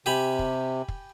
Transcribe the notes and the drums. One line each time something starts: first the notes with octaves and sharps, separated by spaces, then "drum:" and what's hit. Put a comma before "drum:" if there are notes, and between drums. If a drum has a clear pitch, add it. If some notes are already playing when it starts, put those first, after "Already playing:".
C3 G4 G#5 B5
drum: kick
drum: kick